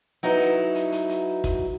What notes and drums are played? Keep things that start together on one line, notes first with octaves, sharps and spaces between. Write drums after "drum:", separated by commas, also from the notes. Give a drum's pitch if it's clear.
F#3 D#4 E4 F#4 B4
drum: hi-hat
drum: hi-hat
drum: hi-hat
drum: hi-hat
drum: kick, hi-hat